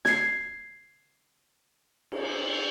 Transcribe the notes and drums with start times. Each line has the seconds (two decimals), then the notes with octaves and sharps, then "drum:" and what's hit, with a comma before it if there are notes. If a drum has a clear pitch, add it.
0.05 G#6 C7, drum: snare
2.12 drum: cymbal